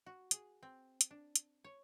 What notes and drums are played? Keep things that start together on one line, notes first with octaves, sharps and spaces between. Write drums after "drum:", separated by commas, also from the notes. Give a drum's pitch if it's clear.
F#4
G#4, drum: hi-hat
C4
drum: hi-hat
D4
drum: hi-hat
C#5